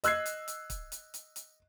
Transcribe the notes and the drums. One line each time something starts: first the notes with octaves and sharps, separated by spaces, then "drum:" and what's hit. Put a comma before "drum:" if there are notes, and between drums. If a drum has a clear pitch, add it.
D#5 E6 F#6 G#6 C7, drum: hi-hat
drum: hi-hat
drum: hi-hat
drum: kick, hi-hat
drum: hi-hat
drum: hi-hat
drum: hi-hat